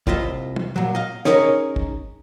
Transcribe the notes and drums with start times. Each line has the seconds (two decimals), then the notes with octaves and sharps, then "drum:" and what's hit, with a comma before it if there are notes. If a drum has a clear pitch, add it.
0.07 C2 F4 D#5 E5, drum: kick
0.56 drum: tom
0.76 A#2 F#3
0.95 D#5 F5
1.25 C#4 D#4 G#4 A#4 C#5, drum: snare
1.76 drum: kick